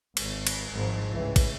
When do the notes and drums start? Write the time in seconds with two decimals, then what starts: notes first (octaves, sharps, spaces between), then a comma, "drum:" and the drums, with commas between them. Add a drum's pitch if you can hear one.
0.17 G#1, drum: cymbal
0.47 drum: cymbal
0.72 G#1 G#2 F3
1.10 C#2 A2 E3
1.36 drum: kick, cymbal